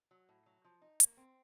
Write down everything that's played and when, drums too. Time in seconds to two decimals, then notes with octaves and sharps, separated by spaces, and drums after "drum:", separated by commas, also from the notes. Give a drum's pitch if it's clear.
0.11 F#3
0.29 A2
0.46 F#3
0.64 F3
0.81 D#4
1.00 A#3, drum: hi-hat
1.17 C4